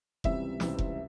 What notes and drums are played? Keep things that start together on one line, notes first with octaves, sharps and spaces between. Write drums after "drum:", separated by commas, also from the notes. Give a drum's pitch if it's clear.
C#2 C3 E3 G3 C4 E5, drum: kick F1
C#2 C3 E3 G3 C4, drum: snare
drum: kick F1